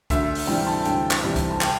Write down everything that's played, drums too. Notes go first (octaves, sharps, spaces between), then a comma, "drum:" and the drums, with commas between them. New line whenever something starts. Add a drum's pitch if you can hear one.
D2 E5, drum: kick C2, hi-hat
drum: open hi-hat
C3 E3 G3 G5
A5
D2 G5, drum: hi-hat
drum: clap
C3 E3 G3
drum: kick C2, hi-hat
A5
G5, drum: clap